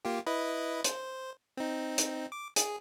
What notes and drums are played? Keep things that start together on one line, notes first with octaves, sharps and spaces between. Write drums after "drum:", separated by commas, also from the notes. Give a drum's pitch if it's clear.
A#3 F4 G4
E4 B4 D#5
C5, drum: hi-hat
C4 D#4
drum: hi-hat
D6
G#4, drum: hi-hat